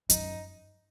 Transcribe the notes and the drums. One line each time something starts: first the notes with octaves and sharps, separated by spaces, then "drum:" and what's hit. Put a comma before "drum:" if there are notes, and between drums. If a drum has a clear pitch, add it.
F#2 D#4, drum: hi-hat